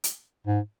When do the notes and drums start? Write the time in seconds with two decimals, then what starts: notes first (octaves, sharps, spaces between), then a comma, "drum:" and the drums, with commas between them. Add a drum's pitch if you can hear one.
0.04 drum: hi-hat
0.47 G#2